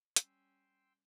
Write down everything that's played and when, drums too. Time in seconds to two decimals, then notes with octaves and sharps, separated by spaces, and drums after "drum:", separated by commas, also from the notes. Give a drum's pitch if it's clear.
0.16 G3 C#4 G5 C6 E6, drum: hi-hat